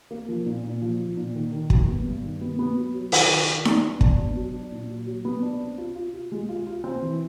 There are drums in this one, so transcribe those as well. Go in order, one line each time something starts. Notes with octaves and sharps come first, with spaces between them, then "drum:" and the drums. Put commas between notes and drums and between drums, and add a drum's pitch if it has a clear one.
A#3
F3
A#2
A#2
F3
F3
A#2
D#3
D#3
F#3, drum: kick
B3
G2
D#3
B3
B3
F#3
F#3
D#3, drum: open hi-hat
D#3
D4
D4, drum: snare D#4
B3
D4, drum: kick
B3
F#3
D4
A#2
F#3
F#3
B3
D4
C4
F4
F4
F4
G#3
F4
F4
C4
E3